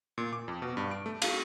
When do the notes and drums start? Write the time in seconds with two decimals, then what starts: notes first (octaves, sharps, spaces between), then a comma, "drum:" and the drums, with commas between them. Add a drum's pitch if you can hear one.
0.18 A#2
0.33 D6
0.48 F2
0.62 B2
0.77 G2
0.91 D7
1.06 A3
1.22 F5, drum: cymbal